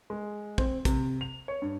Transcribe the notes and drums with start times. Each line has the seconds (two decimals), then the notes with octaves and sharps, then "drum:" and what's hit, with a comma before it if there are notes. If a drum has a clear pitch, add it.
0.10 G#3
0.58 C4, drum: kick
0.85 C3, drum: kick, hi-hat
1.21 F7
1.48 C#5
1.62 G2